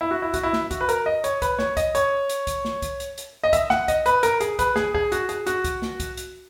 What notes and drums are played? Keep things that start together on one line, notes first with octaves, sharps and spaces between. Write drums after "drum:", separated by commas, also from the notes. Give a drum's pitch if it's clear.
E4
F#4
E4
F#4, drum: kick, hi-hat
E4
drum: snare
F#4, drum: kick, hi-hat
B4
A#4, drum: hi-hat
D#5
C#5, drum: hi-hat
B4, drum: kick, hi-hat
C#5, drum: snare
D#5, drum: kick, hi-hat
C#5, drum: hi-hat
drum: hi-hat
drum: kick, hi-hat
drum: snare
drum: kick, hi-hat
drum: hi-hat
drum: hi-hat
D#5
E5, drum: kick, hi-hat
F#5, drum: snare
D#5, drum: kick, hi-hat
B4, drum: hi-hat
A#4, drum: hi-hat
G#4, drum: hi-hat
B4, drum: kick, hi-hat
G#4, drum: snare
G#4, drum: kick
F#4, drum: hi-hat
G#4, drum: hi-hat
F#4, drum: hi-hat
drum: kick, hi-hat
drum: snare
drum: kick, hi-hat
drum: hi-hat